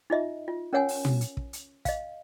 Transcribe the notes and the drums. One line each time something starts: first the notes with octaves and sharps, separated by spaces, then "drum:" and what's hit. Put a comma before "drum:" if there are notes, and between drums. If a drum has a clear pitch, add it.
D#4 F4 D#5 E5
F4
C#4 A#4 C#5 F#5 G#5
drum: open hi-hat
drum: tom
drum: hi-hat
drum: kick
drum: hi-hat
D#5 F5, drum: kick, hi-hat